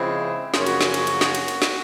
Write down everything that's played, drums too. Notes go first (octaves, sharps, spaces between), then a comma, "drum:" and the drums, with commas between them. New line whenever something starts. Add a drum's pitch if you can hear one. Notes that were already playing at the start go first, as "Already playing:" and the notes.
Already playing: C#3 F3 G#3 C4 E4
F#2 C#3 F3 A#3 C#4 F4, drum: snare
F#4, drum: cymbal
drum: snare
F#4, drum: cymbal
F#4, drum: cymbal
drum: snare
drum: cymbal
drum: cymbal
drum: snare